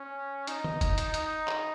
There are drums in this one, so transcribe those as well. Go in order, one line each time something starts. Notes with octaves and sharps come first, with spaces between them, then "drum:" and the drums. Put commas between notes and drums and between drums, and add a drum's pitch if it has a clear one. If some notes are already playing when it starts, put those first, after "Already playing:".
Already playing: C#4
D#4, drum: hi-hat
drum: tom D#3
drum: kick, hi-hat
drum: hi-hat
D#4, drum: hi-hat
drum: clap